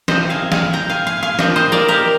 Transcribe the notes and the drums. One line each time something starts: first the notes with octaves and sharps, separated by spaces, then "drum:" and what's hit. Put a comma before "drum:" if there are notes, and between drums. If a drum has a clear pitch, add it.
C3 F3 C4 C5 D#5, drum: snare
F5 G#5
F5 G#5, drum: snare
G5 A#5
F5 G#5
F5 G#5
F5 G#5
F3 A#3 D4 D#5 G5, drum: snare
C5 D#5
A#4 D5
G4 A#4